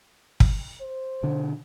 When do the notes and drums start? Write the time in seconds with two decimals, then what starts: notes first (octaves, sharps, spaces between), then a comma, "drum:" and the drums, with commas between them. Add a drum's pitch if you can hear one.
0.40 drum: kick
0.81 C5
1.23 B2 D3 D4